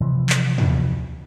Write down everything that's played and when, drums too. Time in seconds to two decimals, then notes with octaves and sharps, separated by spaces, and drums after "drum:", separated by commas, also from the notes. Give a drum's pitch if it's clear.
0.01 C3 E3 F3
0.29 drum: clap
0.58 drum: tom